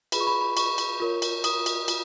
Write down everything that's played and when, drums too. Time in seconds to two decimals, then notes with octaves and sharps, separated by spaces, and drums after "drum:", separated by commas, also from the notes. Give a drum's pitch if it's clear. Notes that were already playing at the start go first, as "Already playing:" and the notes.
0.12 F4 G#4 B4 B5, drum: cymbal
0.20 C#6
0.27 B5
0.41 B5
0.57 C#6, drum: cymbal
0.78 drum: cymbal
1.00 F4 A#4 C#5
1.22 drum: cymbal
1.44 D#6, drum: cymbal
1.66 drum: cymbal
1.88 F4, drum: cymbal